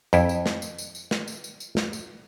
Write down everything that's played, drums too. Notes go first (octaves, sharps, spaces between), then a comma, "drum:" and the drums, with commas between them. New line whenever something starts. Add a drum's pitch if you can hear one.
F2 E4, drum: tambourine
drum: tambourine
drum: snare
drum: tambourine
drum: tambourine
drum: tambourine
drum: snare
drum: tambourine
drum: tambourine
drum: tambourine
drum: snare
drum: tambourine